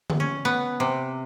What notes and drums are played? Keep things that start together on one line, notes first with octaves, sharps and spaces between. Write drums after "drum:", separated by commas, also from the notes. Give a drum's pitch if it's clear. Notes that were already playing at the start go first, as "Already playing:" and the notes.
drum: tom D3
C#4
B3
C3